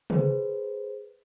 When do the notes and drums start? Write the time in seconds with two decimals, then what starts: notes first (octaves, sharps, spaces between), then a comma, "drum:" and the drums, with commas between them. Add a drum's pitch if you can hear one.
0.10 G#4 B4 C5, drum: tom